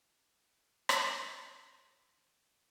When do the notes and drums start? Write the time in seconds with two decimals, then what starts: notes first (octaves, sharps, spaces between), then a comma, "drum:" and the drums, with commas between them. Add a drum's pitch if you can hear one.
0.32 A2 D3 F3 B5
0.89 drum: rim click
1.06 F#2 F3 A3
1.88 F#1 E3 B3 C5 B5
2.22 F#1 D#2 G3